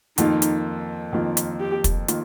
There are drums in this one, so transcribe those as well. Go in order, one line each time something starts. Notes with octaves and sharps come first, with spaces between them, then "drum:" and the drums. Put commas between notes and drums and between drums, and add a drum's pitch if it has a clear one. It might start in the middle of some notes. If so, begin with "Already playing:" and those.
F2 D#3 A#3 D#4 F4, drum: hi-hat
drum: hi-hat
F2 D#3 A#3 F4
drum: hi-hat
G4
drum: kick, hi-hat
D#3 A#3 F4, drum: hi-hat